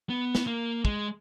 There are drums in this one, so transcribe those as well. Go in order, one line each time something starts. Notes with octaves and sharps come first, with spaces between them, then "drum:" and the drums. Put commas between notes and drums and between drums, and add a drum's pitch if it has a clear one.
B3
drum: snare
A#3
G#3, drum: kick